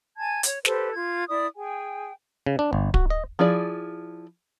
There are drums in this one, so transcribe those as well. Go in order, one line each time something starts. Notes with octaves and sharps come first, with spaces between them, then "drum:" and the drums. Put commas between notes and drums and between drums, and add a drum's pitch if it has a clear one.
G#5 A5 G#6
C#5, drum: hi-hat
G4 A4 B4 C5, drum: snare
F4 G#6
E4 D5 D#6
G#4 G5 G#5
C#3
D4
G1
F#4, drum: kick D1
D#5
F3 E4 G#4 D5